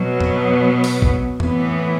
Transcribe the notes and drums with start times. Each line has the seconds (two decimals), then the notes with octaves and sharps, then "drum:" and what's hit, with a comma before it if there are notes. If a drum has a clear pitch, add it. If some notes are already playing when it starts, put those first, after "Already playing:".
Already playing: B2 F#3
0.21 B3, drum: tom F2
0.84 drum: open hi-hat
1.02 drum: kick
1.40 A2 E3 B3, drum: tom F2